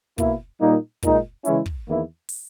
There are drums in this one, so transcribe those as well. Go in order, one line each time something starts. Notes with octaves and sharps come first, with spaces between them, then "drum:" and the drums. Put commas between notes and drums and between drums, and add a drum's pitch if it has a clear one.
B2 A#3 E4, drum: kick, hi-hat
A#2 G3 A#3 D#4
A#2 G#3 D#4, drum: kick, hi-hat
C#3 E3 G#3 C#4 E4, drum: hi-hat
drum: kick
E2 D#3 A#3 E4
drum: open hi-hat